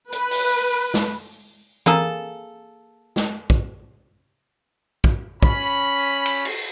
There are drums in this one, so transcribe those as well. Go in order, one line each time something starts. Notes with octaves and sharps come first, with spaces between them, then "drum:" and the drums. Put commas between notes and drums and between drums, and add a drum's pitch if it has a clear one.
B4, drum: hi-hat
drum: open hi-hat
drum: snare
A#3 G#4 A4, drum: tom E3
drum: snare
drum: kick
drum: kick
C#4 B5, drum: kick
drum: cymbal
drum: cymbal